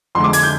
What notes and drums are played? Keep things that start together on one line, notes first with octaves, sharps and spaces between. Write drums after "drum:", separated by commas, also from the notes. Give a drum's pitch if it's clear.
F2 D3 G#3 C6
D6
G#6, drum: hi-hat
G6